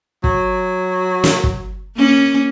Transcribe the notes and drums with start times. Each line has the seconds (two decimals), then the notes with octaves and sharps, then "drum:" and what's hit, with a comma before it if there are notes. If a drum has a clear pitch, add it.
0.24 F#3, drum: kick
1.24 drum: snare
1.44 drum: kick
1.96 A#3 C#4